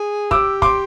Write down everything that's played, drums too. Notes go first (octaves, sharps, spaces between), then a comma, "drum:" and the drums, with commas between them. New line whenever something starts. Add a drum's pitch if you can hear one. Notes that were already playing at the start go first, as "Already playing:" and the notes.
Already playing: G#4
G4 D6 E6, drum: kick
C6 D6, drum: kick